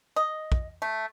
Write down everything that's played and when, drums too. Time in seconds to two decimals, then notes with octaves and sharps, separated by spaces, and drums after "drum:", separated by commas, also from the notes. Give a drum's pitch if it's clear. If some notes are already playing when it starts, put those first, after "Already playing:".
0.16 D#5
0.52 drum: kick
0.82 A3